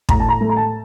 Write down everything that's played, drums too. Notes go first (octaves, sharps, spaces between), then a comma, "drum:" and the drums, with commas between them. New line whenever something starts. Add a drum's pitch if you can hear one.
A2 A#5, drum: kick
A5
A#5
A3
A#5
A5